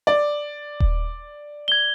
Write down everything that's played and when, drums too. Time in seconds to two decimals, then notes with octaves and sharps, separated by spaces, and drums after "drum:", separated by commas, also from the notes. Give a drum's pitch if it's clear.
0.07 D5
0.80 drum: kick D#1
1.68 G#6 G7